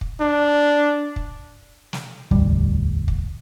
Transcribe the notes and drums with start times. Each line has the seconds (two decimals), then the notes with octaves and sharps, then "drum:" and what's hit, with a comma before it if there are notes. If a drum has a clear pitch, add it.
0.01 drum: kick
0.21 D4
1.16 drum: kick
1.93 drum: snare
2.31 E1 A1 D2 G3, drum: kick
3.08 drum: kick